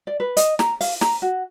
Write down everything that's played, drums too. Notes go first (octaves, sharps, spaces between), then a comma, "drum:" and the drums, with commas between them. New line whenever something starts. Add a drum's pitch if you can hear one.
D5
B4
D#5, drum: hi-hat
A#5, drum: snare
F5, drum: open hi-hat
A#5, drum: snare
F#4